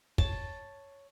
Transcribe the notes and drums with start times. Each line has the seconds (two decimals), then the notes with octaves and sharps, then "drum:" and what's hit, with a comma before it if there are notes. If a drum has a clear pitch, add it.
0.18 C#5 A5, drum: kick